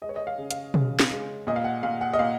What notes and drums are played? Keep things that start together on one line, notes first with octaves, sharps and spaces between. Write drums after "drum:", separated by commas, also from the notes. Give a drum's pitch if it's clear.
G#3 D#5
C#5
D#5
F5
C#3
F5, drum: hi-hat
C#3, drum: tom B2
drum: snare
G#3
A#2 D#5
F5
F#5
A#2 F5
F#5
D#5
A#2 F5